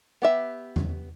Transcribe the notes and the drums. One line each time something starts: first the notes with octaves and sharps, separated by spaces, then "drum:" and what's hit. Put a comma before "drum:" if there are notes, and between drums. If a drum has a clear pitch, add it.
B3 G4 E5
drum: tom E2